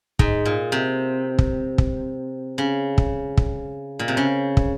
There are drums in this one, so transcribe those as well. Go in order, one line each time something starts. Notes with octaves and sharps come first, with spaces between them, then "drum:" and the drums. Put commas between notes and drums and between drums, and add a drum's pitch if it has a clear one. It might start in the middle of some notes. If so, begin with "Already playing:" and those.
G#2, drum: kick
A#2
C3
drum: kick
drum: kick
C#3
drum: kick
drum: kick
A#2
C3
C#3
drum: kick